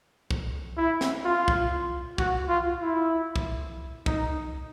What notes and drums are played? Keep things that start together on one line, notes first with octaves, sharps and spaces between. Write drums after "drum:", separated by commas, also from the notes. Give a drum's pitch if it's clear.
drum: kick
E4
drum: snare
F4
drum: kick
F#4, drum: kick
F4
E4
drum: kick
D#4, drum: kick